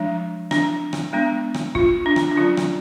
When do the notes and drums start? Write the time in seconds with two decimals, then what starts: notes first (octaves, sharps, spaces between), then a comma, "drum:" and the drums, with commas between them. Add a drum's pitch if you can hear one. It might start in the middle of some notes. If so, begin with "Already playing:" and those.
Already playing: F3 G#3 D4
0.51 D4, drum: rim click
0.93 drum: rim click
1.13 G#3 B3 D4
1.54 drum: rim click
1.75 F4, drum: kick
2.06 D4
2.16 drum: rim click
2.31 D4
2.36 D3 F#3 C#4 F4
2.57 drum: rim click